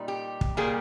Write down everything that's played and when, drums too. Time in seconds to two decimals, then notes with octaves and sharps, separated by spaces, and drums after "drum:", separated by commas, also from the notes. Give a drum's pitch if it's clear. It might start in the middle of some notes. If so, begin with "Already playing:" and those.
Already playing: A#2 G3 D#4
0.08 G4
0.41 drum: kick
0.57 A#2 G3 A#3 G#4